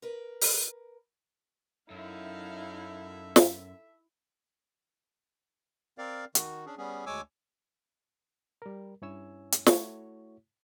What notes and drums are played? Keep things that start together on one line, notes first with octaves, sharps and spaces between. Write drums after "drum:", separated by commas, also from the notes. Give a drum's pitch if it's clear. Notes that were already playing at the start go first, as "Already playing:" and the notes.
A#4 B4
drum: open hi-hat
F#2 D#4 E4 A4 E5 F5
drum: snare
C4 A#4 D5 F5
D#3 F#4, drum: hi-hat
C#4 D4 G#4
G3 B3 C#4 G#4
D2 G#3 C#5 G#5 D6 E6
G3 A#4
G2 C#4 E4 C#5 G#5 E6
drum: hi-hat
A3 E4 F#4 C#5, drum: snare